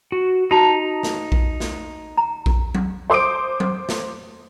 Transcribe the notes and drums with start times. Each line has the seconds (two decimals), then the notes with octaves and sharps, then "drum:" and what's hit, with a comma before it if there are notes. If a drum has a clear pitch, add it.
0.12 F#4
0.51 D#4 F#4 A5 A#5
1.03 drum: snare
1.32 drum: kick A#1
1.60 drum: snare
2.17 A#5
2.46 drum: kick A#1
2.75 drum: tom F#3
3.10 C5 C6 D6 D#6 D7
3.60 drum: tom F#3
3.89 drum: snare